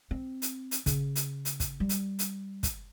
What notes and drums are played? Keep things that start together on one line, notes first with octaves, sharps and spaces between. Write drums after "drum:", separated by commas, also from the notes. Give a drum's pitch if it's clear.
C4
drum: hi-hat
drum: hi-hat
C#3, drum: kick, hi-hat
drum: hi-hat
drum: hi-hat
drum: kick, hi-hat
G3
drum: hi-hat
drum: hi-hat
drum: kick, hi-hat